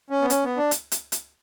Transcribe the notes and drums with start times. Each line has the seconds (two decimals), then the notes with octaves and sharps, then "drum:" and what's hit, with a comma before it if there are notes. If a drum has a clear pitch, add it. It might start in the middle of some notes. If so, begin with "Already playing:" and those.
0.10 C#4
0.22 B3
0.30 C#4, drum: hi-hat
0.44 B3
0.57 D4
0.71 drum: hi-hat
0.92 drum: hi-hat
1.12 drum: hi-hat